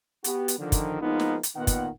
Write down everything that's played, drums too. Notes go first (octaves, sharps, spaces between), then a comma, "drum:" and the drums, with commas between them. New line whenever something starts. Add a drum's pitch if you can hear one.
B3 F#4 G4, drum: hi-hat
drum: hi-hat
D3 D#3 F3
drum: kick, hi-hat
F3 G#3 A#3 B3 D#4
drum: snare
drum: hi-hat
A#2 D#3 B3 F#5
drum: kick, hi-hat